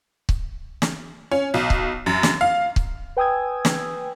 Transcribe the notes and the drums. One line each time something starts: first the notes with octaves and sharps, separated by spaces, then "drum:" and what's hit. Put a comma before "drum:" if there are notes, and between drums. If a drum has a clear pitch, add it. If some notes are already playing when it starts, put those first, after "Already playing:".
drum: kick C#1
drum: snare
C#4
B1
drum: kick C#1
F#2
drum: snare
F5
drum: kick C#1
B4 G5 G#5 D#6 E6 G#6
drum: snare